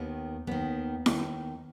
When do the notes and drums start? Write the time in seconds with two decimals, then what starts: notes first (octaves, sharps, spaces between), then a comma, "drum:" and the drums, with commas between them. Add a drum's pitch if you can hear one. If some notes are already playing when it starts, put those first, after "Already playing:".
Already playing: D#2 D#3 B3
0.47 D#2 D#3 B3
1.06 D#2 D#3, drum: snare E4